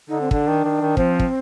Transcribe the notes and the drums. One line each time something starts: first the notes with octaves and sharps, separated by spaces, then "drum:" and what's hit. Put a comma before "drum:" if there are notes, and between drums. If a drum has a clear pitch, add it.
D3 D#4
C4
D3 D4, drum: kick
D#3
D#3
D#3
F3 C4, drum: kick
drum: kick